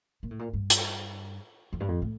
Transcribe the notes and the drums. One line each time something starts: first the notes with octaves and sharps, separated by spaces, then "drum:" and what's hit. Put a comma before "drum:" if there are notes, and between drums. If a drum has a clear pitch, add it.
A#2
A2
A#2
G2
drum: hi-hat
F2
G2
F2
A2